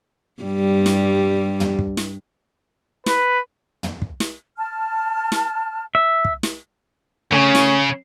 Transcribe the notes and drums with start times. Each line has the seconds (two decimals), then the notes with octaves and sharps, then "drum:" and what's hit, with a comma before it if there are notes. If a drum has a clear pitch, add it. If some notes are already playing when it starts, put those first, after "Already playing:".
0.43 G2 G3
0.86 drum: snare
1.60 drum: tom
1.79 drum: kick
1.97 drum: snare
3.06 B4, drum: snare
3.83 drum: tom
4.02 drum: kick
4.20 drum: snare
4.57 A5 F6
5.32 drum: snare
5.95 E5
6.25 drum: kick
6.43 drum: snare
7.32 C#3 A3 C#4 C#5 G#5
7.55 drum: snare